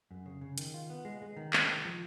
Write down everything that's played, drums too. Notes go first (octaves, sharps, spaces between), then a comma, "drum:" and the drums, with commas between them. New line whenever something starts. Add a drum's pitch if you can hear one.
F#2
C#3
C#3
D#3, drum: hi-hat
F4
B3
G#3
G#3
D#3
G#3, drum: clap
D#3
F3